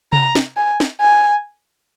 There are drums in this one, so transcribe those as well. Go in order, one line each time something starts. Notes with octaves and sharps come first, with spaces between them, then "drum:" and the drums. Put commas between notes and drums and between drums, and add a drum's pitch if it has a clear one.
A#5, drum: tom C3
drum: snare
G#5
drum: snare
G#5